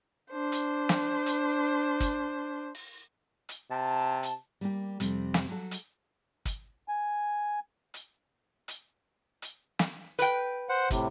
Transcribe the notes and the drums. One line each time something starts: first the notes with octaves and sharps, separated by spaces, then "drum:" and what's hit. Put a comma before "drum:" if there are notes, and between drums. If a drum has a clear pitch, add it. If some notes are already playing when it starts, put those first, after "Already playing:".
D4 C5
drum: hi-hat
drum: snare
drum: hi-hat
drum: kick, hi-hat
drum: open hi-hat
drum: hi-hat
C3 A5
drum: hi-hat
G3 A#3 G4
F2 C3 G3, drum: hi-hat
drum: snare
F#3 A4
drum: hi-hat
drum: kick, hi-hat
G#5
drum: hi-hat
drum: hi-hat
drum: hi-hat
drum: snare
B4 G5, drum: hi-hat
C5 F#5
A2 C3, drum: kick, hi-hat